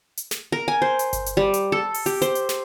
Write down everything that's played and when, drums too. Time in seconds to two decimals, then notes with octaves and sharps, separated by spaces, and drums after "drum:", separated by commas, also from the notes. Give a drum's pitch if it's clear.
0.17 drum: hi-hat
0.31 drum: snare
0.52 A#4
0.68 G#5
0.82 C5
0.99 drum: hi-hat
1.13 drum: kick G1, hi-hat
1.26 drum: hi-hat
1.37 G3
1.54 drum: hi-hat
1.72 A4
1.94 drum: open hi-hat
2.06 G4, drum: hi-hat
2.22 C5, drum: hi-hat
2.35 drum: hi-hat
2.49 drum: snare